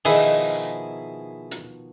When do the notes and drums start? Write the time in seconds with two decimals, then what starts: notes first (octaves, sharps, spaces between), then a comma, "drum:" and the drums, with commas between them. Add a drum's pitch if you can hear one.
0.05 B2 D#3 F3 E4 G#4, drum: open hi-hat
1.51 drum: hi-hat